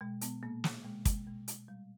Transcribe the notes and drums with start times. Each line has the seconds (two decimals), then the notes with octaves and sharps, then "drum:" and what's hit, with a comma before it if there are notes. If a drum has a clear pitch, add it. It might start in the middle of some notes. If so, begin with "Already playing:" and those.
0.01 B2 G#3
0.21 B2 B3, drum: hi-hat
0.43 A#2 A#3
0.64 A#2, drum: snare
0.85 B2 G#3
1.05 B2 G#3, drum: kick, hi-hat
1.27 B2 G#3
1.48 B2, drum: hi-hat
1.68 A#2 G3